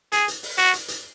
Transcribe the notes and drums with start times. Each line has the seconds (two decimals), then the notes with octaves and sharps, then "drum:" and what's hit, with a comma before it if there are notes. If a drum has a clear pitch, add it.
0.12 G#4, drum: hi-hat
0.28 drum: hi-hat
0.43 drum: open hi-hat
0.58 F#4, drum: hi-hat
0.73 drum: hi-hat
0.88 drum: hi-hat